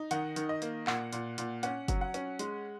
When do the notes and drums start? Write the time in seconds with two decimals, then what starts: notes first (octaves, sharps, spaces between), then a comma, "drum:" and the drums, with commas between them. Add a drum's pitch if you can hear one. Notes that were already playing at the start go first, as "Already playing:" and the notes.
Already playing: D#4
0.11 D#3 F#5, drum: hi-hat
0.36 D#3, drum: hi-hat
0.49 D#5
0.62 A#3, drum: hi-hat
0.87 A#2 F#5, drum: clap
1.13 A#2, drum: hi-hat
1.38 A#2, drum: hi-hat
1.63 C#4 F#5, drum: hi-hat
1.88 F#3, drum: kick F#1, hi-hat
2.01 F#5
2.14 C#4, drum: hi-hat
2.39 G#3, drum: hi-hat